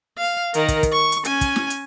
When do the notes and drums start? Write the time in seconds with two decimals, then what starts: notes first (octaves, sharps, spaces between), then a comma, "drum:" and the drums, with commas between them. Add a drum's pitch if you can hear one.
0.18 F5
0.54 D#3 A#4, drum: hi-hat
0.68 drum: kick, hi-hat
0.83 drum: kick, hi-hat
0.92 C#6
1.12 drum: hi-hat
1.25 C#4 G#5, drum: hi-hat
1.41 drum: kick, hi-hat
1.56 drum: snare
1.70 drum: hi-hat